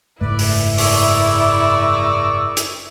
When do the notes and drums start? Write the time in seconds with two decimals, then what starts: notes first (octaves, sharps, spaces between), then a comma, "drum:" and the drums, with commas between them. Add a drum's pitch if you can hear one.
0.21 F#1 G#2 A3 E4 B4 D5
0.39 drum: open hi-hat
0.78 G#4 A#4 D5 C#6 E6, drum: open hi-hat
2.57 drum: hi-hat